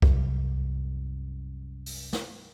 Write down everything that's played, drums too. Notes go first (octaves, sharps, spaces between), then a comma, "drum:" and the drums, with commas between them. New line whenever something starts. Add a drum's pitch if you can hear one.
C2 F#2, drum: kick
drum: open hi-hat
drum: snare